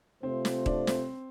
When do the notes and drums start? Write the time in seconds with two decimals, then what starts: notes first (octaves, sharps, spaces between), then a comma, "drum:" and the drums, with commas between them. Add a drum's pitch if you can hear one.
0.23 C3 A3 C4 F4 C5
0.45 C4, drum: snare
0.66 D4, drum: kick D#1
0.87 C4, drum: snare